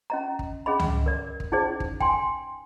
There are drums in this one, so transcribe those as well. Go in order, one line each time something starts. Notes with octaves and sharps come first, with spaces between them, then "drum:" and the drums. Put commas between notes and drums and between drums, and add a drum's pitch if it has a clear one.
C#4 D#5 A#5
drum: kick
C#4 G#4 D#5 B5
drum: tom C#2
A#4 D5
drum: kick
C#4 D#4 E4 G#4 C5 D5
drum: kick
G5 G#5 C6, drum: kick